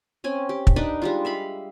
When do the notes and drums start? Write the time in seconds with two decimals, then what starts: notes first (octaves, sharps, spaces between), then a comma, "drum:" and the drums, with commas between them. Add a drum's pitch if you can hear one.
0.24 C4 C#4 G#5
0.49 G4
0.67 drum: kick
0.76 D4 D#4 B4 D5
1.02 G3 G#3 F4
1.25 E5 F5 B5